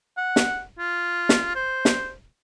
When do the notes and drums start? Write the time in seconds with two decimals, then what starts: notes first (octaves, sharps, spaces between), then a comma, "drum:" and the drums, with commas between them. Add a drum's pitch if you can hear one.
0.17 F#5
0.36 drum: snare
0.78 F4
1.29 drum: snare
1.55 C5
1.85 drum: snare